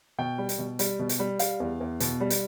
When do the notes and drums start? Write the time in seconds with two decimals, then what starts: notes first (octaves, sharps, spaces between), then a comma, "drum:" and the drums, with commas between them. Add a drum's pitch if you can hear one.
0.18 B2 G5
0.38 G3
0.49 drum: hi-hat
0.58 B2
0.79 G3, drum: hi-hat
0.99 B2
1.09 drum: hi-hat
1.19 G3
1.39 G3 F5, drum: hi-hat
1.60 E2
1.81 E2
2.00 B2, drum: hi-hat
2.21 G3
2.30 drum: hi-hat